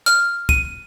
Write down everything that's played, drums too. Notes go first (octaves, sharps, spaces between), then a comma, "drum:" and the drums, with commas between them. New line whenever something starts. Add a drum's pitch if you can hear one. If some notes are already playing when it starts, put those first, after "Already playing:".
F6, drum: hi-hat
D#7, drum: kick